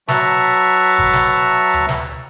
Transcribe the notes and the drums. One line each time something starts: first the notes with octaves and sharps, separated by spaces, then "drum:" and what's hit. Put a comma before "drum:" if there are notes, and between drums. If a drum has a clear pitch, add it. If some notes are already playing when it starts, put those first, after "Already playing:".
F#3 B4 E5 A5 A#5 C#6, drum: snare
drum: kick G#1
drum: snare
drum: tom D2
drum: snare